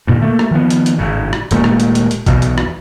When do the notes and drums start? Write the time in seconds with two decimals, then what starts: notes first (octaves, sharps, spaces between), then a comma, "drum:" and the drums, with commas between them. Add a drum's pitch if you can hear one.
0.07 G2 A#2 D3
0.22 A3 A#3
0.39 drum: rim click
0.51 D#3 F3 G3 B3
0.70 drum: hi-hat
0.86 drum: hi-hat
0.98 G#1 A2 C#3
1.33 drum: rim click
1.51 D#1 A#2 G#3 A3, drum: hi-hat
1.64 drum: rim click
1.80 drum: hi-hat
1.95 drum: hi-hat
2.11 drum: hi-hat
2.26 B1 E2 B2, drum: kick, hi-hat
2.42 drum: hi-hat
2.58 drum: rim click